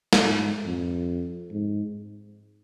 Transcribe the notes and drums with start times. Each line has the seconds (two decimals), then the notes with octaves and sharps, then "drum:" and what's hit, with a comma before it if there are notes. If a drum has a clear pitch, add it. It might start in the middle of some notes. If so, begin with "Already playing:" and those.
0.13 drum: snare
0.22 G#2
0.66 F2
1.52 G#2